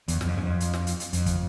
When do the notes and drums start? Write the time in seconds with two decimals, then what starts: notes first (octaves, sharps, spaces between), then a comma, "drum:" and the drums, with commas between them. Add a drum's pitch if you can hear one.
0.08 E2, drum: hi-hat
0.21 E2, drum: snare
0.25 F2
0.37 F#2
0.43 F2
0.60 drum: hi-hat
0.74 drum: snare
0.87 drum: hi-hat
1.00 drum: hi-hat
1.13 F2, drum: hi-hat
1.26 drum: kick, hi-hat